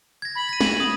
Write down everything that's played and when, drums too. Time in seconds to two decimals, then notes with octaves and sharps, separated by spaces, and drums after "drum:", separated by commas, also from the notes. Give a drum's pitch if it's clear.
0.22 G#6 A#6
0.35 B5
0.49 A#6 D#7
0.61 G#6, drum: snare
0.80 D#6